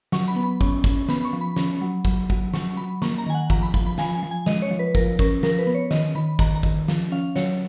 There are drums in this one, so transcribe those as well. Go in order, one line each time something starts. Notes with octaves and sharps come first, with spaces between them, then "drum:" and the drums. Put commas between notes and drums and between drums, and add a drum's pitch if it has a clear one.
F#3 C#6, drum: snare
B5
B3
B5
C#4, drum: kick
C#4, drum: kick
B3 B5, drum: snare
C#6
F3
B5
C#4, drum: snare
F#3
F#3, drum: kick
F#3, drum: kick
F#3 C#6, drum: snare
F#3 B5
A#3 C#6, drum: snare
A#5
D#3 G#5
F#5
F3 A#5, drum: kick
B5
F3 B5, drum: kick
B5
F3 G#5, drum: snare
G#5
F3
G#5
G#3 D#5, drum: snare
C#5
F3
B4
F3 A#4, drum: kick
C#4 A#4, drum: kick
F3 A#4, drum: snare
B4
B3
C#5
D#3 D#5, drum: snare
D#3 B5
D#3 A#5, drum: kick
A#5
D#3, drum: kick
F3, drum: snare
C#4 F5
F#3 C#5, drum: snare